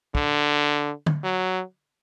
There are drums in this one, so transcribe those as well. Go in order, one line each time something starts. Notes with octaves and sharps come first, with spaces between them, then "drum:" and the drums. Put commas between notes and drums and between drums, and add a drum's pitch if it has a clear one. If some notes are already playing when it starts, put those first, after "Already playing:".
D3, drum: kick
drum: tom D3
F#3